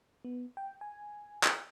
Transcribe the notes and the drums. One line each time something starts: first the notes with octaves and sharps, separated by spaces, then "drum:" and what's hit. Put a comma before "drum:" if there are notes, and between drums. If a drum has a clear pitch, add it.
B3
G5
G#5
drum: clap